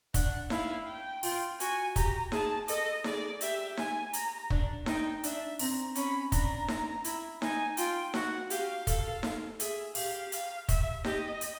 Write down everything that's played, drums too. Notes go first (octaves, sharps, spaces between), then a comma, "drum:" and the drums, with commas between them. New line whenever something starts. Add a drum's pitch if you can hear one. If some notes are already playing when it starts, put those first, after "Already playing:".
D4 F#5, drum: kick, hi-hat
E4 F5, drum: snare D#4
G5
F4, drum: open hi-hat
F#4 G#5, drum: hi-hat
G4 A#5, drum: kick, hi-hat
G#4 A5, drum: snare D#4
A4 D#5, drum: hi-hat
G#4 D5, drum: snare D#4
G4 E5, drum: hi-hat
G#5, drum: snare D#4
A#5, drum: hi-hat
D4, drum: kick
D#4 G5, drum: snare D#4
D4 E5, drum: hi-hat
C4 A#5, drum: open hi-hat
C#4 B5, drum: hi-hat
D4 A#5, drum: kick, hi-hat
drum: snare D#4
E4, drum: hi-hat
D#4 G#5, drum: snare D#4
F4 G5, drum: hi-hat
F#4 F#5, drum: snare D#4
G4 F5, drum: hi-hat
A4, drum: kick, hi-hat
drum: snare D#4
G#4 E5, drum: hi-hat
G4 F5, drum: open hi-hat
F5, drum: hi-hat
E5, drum: kick, hi-hat
G4 D#5, drum: snare D#4
drum: hi-hat